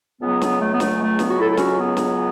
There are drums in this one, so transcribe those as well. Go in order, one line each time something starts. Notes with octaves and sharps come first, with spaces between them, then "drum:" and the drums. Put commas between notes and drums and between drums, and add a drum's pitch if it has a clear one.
C#2 C#3 F#3 B3
B3, drum: snare
A3
B3
A3, drum: snare
A3
B3, drum: snare
F#4
E4 A4
A4
C#4 F#4, drum: snare
B3
drum: snare